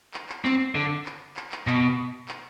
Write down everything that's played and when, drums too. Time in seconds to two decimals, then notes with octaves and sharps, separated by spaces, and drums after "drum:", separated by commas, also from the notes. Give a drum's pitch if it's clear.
0.14 drum: clap
0.29 drum: clap
0.45 C4, drum: clap
0.75 D3
1.06 drum: clap
1.36 drum: clap
1.52 drum: clap
1.67 B2, drum: clap
2.28 drum: clap